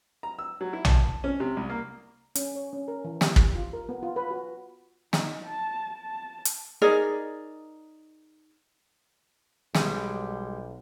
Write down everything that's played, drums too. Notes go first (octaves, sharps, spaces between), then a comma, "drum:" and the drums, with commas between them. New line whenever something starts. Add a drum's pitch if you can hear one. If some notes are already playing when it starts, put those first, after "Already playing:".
A#5
E6
F#3
E4
A5, drum: tom A#1
C#4
C3
C2
A#3
C#4, drum: hi-hat
C#5
C#4
A#4
E3
G4, drum: snare
drum: kick
F4
A#4
B3
F4
B4
F#4
D#4, drum: snare
A5
A5
drum: hi-hat
D#4 G#4 A#4 D5
B1 G3 G#3, drum: snare